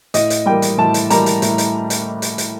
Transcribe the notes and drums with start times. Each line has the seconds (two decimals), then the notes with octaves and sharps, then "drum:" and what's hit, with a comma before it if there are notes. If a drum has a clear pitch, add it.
0.14 A2 D#5, drum: hi-hat
0.30 drum: hi-hat
0.46 G3 A#3 G5
0.62 drum: hi-hat
0.78 A2 A5
0.94 drum: hi-hat
1.10 G3 A#3 A#5, drum: hi-hat
1.26 drum: hi-hat
1.42 A2, drum: hi-hat
1.58 drum: hi-hat
1.90 drum: hi-hat
2.22 drum: hi-hat
2.38 drum: hi-hat